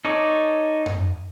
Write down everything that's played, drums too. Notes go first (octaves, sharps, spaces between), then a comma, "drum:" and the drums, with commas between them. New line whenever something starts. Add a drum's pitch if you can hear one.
D#4 A4 C#5 D5
drum: tom F#2